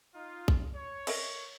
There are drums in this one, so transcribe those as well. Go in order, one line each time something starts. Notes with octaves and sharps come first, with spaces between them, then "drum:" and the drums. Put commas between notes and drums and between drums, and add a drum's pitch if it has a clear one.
D#4 F4
drum: kick
C#5
A#4 D#5 E5, drum: cymbal